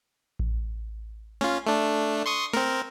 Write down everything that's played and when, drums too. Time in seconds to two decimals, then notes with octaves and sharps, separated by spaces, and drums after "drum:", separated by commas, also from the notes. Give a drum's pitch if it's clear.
0.39 drum: kick A1
1.41 C#4 F4, drum: snare
1.66 A3 D4
2.26 C6 C#6 D#6
2.53 C4 A#4, drum: snare